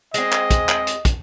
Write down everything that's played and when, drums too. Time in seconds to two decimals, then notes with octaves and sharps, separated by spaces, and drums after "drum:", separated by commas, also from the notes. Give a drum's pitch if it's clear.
0.14 G#3 C4 D#5, drum: hi-hat
0.32 drum: clap
0.51 drum: kick, hi-hat
0.69 drum: clap
0.87 drum: hi-hat
1.05 drum: kick, hi-hat